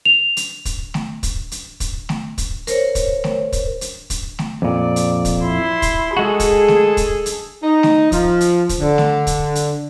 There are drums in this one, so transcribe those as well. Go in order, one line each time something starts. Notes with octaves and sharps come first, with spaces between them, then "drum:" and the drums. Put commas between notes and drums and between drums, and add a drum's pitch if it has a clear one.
F7
drum: hi-hat
drum: kick, hi-hat
drum: snare A3
drum: kick, hi-hat
drum: hi-hat
drum: kick, hi-hat
drum: snare A3
drum: kick, hi-hat
A#4 C5 C#5, drum: hi-hat
drum: kick, hi-hat
drum: snare A3
drum: kick, hi-hat
drum: hi-hat
drum: kick, hi-hat
drum: snare A3
F2 A#2 D5
drum: hi-hat
drum: kick, hi-hat
E4 C6
drum: kick, hi-hat
G#3 F#4 G#4 A4
drum: kick, hi-hat
drum: snare A3
drum: kick, hi-hat
drum: hi-hat
D#4
drum: snare A3
F3, drum: kick, hi-hat
drum: hi-hat
drum: kick, hi-hat
D3
drum: snare A3
drum: kick, hi-hat
drum: hi-hat